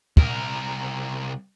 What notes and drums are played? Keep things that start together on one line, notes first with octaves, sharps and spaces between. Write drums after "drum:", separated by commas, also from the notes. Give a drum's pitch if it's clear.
C2 A#4, drum: kick